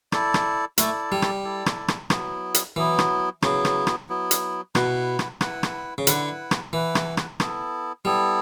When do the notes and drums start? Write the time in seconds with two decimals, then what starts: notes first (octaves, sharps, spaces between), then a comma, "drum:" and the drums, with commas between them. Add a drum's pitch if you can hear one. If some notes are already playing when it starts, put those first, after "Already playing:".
0.12 E4 A4 D5, drum: rim click
0.34 drum: rim click
0.78 A3 E4 A4 D5, drum: hi-hat
1.12 G3
1.22 drum: rim click
1.44 E4 A4 D5
1.66 drum: rim click
1.88 drum: rim click
2.10 F#3 B3 E4, drum: rim click
2.54 drum: hi-hat
2.76 E3 F#3 B3 E4
2.99 drum: rim click
3.42 C#3 F#3 B3 E4, drum: rim click
3.65 drum: rim click
3.87 drum: rim click
4.09 F#3 B3 E4
4.31 drum: hi-hat
4.75 B2 E4 B4 F#5, drum: rim click
5.19 drum: rim click
5.41 E4 B4 F#5, drum: rim click
5.63 drum: rim click
5.98 C#3
6.07 D3 E4 B4 F#5, drum: hi-hat
6.51 drum: rim click
6.73 E3 E4 B4 F#5
6.95 drum: rim click
7.17 drum: rim click
7.40 B3 E4 A4, drum: rim click
8.05 G3 B3 E4 A4